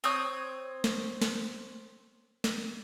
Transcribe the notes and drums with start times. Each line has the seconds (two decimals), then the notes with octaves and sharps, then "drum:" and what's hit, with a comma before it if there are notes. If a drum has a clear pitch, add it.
0.04 C4 C#5 D#6 G6, drum: hi-hat
0.84 drum: snare
1.22 drum: snare
2.44 drum: snare